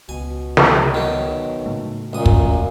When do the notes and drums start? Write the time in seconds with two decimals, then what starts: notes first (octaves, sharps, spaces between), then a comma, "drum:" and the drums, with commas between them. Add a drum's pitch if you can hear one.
0.09 C#2 B2 G#5
0.57 drum: snare
0.94 B1 D#3 F#3
1.66 A2 C#3 A3
2.13 C#2 F#2 A#2 D#6
2.26 drum: kick